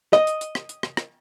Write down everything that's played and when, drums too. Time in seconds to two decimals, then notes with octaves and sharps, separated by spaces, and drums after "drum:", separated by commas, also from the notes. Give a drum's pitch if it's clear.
0.13 D#5, drum: rim click
0.27 drum: hi-hat
0.41 drum: hi-hat
0.55 drum: rim click
0.69 drum: hi-hat
0.83 drum: rim click
0.97 drum: rim click